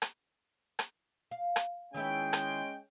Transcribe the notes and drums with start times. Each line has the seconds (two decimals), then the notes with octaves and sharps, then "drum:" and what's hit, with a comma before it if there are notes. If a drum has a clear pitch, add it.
0.02 drum: rim click
0.79 drum: rim click
1.31 F5
1.56 drum: rim click
1.94 D#3 G#3 B3 C#4 E4 G5
2.33 drum: rim click